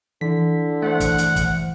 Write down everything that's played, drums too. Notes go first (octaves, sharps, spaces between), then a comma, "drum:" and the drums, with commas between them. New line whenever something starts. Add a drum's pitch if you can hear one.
D3 E3 B6
A3 C5 F#5
drum: kick, hi-hat
drum: hi-hat
drum: kick, hi-hat